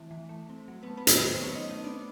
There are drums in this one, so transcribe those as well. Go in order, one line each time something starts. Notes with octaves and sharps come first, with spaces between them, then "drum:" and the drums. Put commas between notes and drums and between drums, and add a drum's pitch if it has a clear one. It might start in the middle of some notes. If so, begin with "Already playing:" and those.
Already playing: E3 A3 C4
E3
A3
C4
F#3
A3 B3 B4
B3 B4
D#3, drum: hi-hat
B3 B4
C4 C#4 C5
F#3 C#4 C#5
D#4 D#5
A3 D#4 D#5
B3 D4 D5